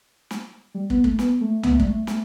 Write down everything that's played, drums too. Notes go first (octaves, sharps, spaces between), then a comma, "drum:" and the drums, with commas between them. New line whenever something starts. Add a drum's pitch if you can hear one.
drum: snare
G3
B3, drum: kick
A3, drum: kick
B3, drum: snare
A3
B3, drum: tom C2
A3
G3, drum: kick
A3
A3, drum: snare